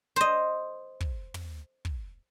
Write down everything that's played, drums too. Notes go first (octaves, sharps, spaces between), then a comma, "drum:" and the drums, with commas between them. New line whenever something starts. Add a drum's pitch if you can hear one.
C5 D#5
drum: kick
drum: tom
drum: kick